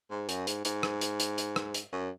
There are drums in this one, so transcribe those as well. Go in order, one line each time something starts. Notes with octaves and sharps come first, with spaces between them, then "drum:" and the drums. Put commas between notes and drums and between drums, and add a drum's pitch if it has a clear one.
G#2
F#2, drum: hi-hat
G#2, drum: hi-hat
G#2, drum: hi-hat
drum: rim click
drum: hi-hat
drum: hi-hat
drum: hi-hat
drum: rim click
drum: hi-hat
F#2